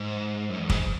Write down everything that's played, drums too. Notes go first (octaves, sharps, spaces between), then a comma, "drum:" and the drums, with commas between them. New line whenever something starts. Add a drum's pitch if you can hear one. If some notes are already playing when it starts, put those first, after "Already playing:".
Already playing: G#2
F#2
E2
G#2, drum: kick